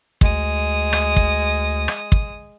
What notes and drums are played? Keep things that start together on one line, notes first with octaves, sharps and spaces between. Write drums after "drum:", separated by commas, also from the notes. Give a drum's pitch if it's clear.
D2 G#3 D#6, drum: kick
drum: rim click
drum: kick
drum: rim click
drum: kick